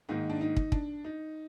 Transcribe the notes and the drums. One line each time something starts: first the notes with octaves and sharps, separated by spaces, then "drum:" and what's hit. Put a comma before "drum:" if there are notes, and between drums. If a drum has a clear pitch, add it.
G#2 D#3 A#3 D#4
D4
D#4
drum: kick
D4, drum: kick
D#4